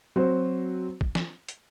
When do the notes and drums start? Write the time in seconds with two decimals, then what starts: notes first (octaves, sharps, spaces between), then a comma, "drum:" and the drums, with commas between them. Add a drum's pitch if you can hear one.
0.16 F#3 C4 F#4 C5
1.01 drum: kick
1.15 drum: snare
1.49 drum: hi-hat